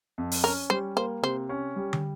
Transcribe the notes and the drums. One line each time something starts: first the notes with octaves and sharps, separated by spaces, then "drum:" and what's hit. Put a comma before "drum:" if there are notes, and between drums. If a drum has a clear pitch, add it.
F2
drum: open hi-hat
C#4 A#4
G3 C5
A#3 C5
C3 C5
C#4
G3
drum: tom